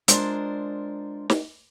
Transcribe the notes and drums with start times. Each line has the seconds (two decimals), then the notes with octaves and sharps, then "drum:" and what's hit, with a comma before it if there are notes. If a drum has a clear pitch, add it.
0.08 G#3 D4 F4 A#4 C5 D5, drum: hi-hat
1.30 drum: snare